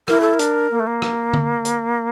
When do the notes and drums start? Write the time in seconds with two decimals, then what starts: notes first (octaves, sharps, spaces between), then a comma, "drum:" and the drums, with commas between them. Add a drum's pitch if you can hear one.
0.08 E4 A#4, drum: rim click
0.21 A4
0.34 A#4
0.39 D4, drum: hi-hat
0.71 A#3
0.80 A3
0.87 A#3
1.02 drum: rim click
1.33 drum: tom D3
1.65 drum: hi-hat